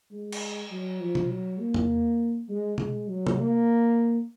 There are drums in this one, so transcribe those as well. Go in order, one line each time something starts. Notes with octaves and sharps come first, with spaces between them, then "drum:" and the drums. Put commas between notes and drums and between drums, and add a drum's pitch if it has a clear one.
G#3
drum: cymbal
F#3
F3
drum: tom B2
F#3
A#3
drum: tom E2
G#3
G#3, drum: tom B2
F#3
drum: tom C3
A#3